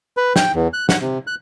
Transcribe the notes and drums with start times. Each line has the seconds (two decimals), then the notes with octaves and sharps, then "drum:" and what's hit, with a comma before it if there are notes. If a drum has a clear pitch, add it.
0.17 B4
0.36 G5, drum: snare
0.55 E2
0.73 F#6
0.89 F#5, drum: snare
1.01 C3
1.27 F#6